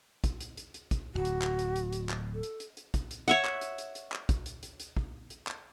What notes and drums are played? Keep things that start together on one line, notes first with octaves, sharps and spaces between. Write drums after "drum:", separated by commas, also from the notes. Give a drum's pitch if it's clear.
drum: kick, hi-hat
drum: hi-hat
drum: hi-hat
drum: hi-hat
drum: kick, hi-hat
D1 G1 F#4
drum: hi-hat
drum: clap
drum: hi-hat
drum: hi-hat
drum: hi-hat
drum: clap
A4
drum: hi-hat
drum: hi-hat
drum: hi-hat
drum: kick, hi-hat
drum: hi-hat
C#5 E5 F#5, drum: hi-hat
drum: clap
drum: hi-hat
drum: hi-hat
drum: hi-hat
drum: clap
drum: kick, hi-hat
drum: hi-hat
drum: hi-hat
drum: hi-hat
drum: kick
drum: hi-hat
drum: clap